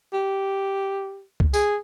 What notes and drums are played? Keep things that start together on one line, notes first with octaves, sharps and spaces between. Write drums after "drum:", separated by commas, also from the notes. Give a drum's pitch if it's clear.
G4
drum: kick C#2
G#4, drum: tambourine